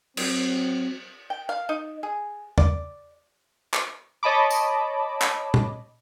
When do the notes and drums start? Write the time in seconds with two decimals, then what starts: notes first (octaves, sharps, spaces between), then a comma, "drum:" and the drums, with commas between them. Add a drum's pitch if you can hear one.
0.17 F#3 C4, drum: cymbal
1.30 G5
1.49 F5
1.69 D#4
2.03 G#4
2.58 D5, drum: tom E2
3.74 drum: clap
4.23 C#5 D#5 A5 B5 D6
4.50 drum: tambourine
5.22 drum: clap
5.54 drum: tom